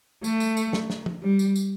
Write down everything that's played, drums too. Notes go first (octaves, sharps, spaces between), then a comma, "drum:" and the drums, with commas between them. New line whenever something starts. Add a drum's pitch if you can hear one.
A3, drum: tambourine
drum: tambourine
drum: tambourine
drum: snare
drum: snare
drum: tom
G3
drum: tambourine
drum: tambourine